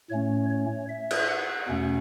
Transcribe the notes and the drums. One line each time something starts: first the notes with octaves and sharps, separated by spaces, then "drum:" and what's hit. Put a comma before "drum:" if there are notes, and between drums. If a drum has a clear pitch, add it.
A2 A3 C#4 C#5
C#5
E5
drum: cymbal
F#5
E2 B2 A3 C#4